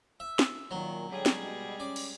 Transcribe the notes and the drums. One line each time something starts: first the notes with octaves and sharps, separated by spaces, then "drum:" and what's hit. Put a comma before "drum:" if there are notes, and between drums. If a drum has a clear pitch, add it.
E5
drum: snare
A#2 D#3 F#3
D3 G3 G#3 G#4 C#5 G5
drum: snare
B2
C#4 D5
drum: cymbal